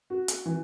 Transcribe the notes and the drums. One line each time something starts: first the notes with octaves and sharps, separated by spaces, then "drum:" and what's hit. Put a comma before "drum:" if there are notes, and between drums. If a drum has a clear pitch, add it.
F#4
drum: hi-hat
E3